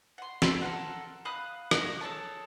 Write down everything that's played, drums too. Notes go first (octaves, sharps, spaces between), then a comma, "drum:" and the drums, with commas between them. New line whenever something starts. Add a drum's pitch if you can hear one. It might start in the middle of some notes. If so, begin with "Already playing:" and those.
F#5 C6
A4 G5 C6, drum: snare
A4 A#4 C5 F#5
F5 B5 D#6 F#6
F#4, drum: rim click
G#4 A4 C#5 A5